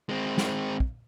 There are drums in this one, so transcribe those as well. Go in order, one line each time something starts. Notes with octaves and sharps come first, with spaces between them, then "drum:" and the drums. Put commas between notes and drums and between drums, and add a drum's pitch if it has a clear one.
G#3 C4
drum: snare
drum: kick